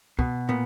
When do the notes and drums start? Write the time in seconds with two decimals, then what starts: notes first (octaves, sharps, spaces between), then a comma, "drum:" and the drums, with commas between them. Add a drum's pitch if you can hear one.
0.19 B2, drum: kick
0.49 A#2 B3